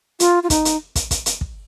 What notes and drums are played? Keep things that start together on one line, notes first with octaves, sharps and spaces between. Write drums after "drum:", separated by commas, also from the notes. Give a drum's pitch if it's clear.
F4, drum: hi-hat
F4
D#4, drum: kick, hi-hat
drum: hi-hat
drum: kick, hi-hat
drum: kick, hi-hat
drum: hi-hat
drum: kick